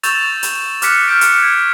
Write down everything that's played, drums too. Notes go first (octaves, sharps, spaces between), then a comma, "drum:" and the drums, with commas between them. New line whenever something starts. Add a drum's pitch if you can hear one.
C#6 E6 G6 A6 E7 F7, drum: hi-hat
drum: hi-hat
D6 F6 F#6 B6 C#7, drum: hi-hat
F6 G6 B6 D7
drum: hi-hat
G#6